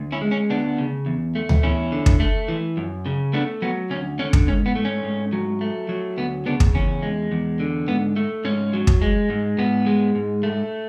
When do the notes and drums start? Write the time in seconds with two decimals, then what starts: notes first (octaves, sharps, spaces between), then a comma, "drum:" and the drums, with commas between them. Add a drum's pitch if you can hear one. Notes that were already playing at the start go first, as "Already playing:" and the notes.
Already playing: D2
0.12 C#4 E4
0.21 G#3
0.31 C#4
0.50 D2 B3 D4
0.78 C#3
1.06 E2
1.35 A3
1.49 drum: tom D2
1.63 E2 C#4 E4
1.92 D3
2.06 drum: kick
2.20 A3
2.48 E3
2.77 F#2
3.06 C#3
3.33 A3 B3 D4
3.62 F#3 B3
3.90 D2 C#4
4.19 D3 C#4
4.33 drum: kick
4.47 G#2 C#4
4.66 B3
4.75 A3
4.85 C#4
5.04 G#2
5.33 F#3
5.61 A3
5.89 F#3
6.17 D2 B3
6.46 C#3 B3 D4
6.60 drum: kick
6.74 E2 C#4
7.03 G#3
7.32 E2
7.60 D3
7.88 G#2 B3
8.16 A3
8.45 G#2 C#4
8.73 F#3
8.87 drum: kick
9.02 G#3
9.30 G#2
9.58 G#2 B3
9.86 G#3
10.15 G#2
10.43 A3